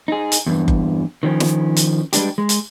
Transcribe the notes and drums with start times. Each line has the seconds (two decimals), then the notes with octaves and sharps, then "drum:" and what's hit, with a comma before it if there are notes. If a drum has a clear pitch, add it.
0.08 D#4 G#4
0.32 drum: hi-hat
0.46 E2 G2
0.68 drum: kick F#1
1.23 D#3 F3 C#4
1.40 drum: snare
1.76 drum: hi-hat
2.13 G3 G#3 D4 G4, drum: hi-hat
2.38 G#3
2.49 drum: hi-hat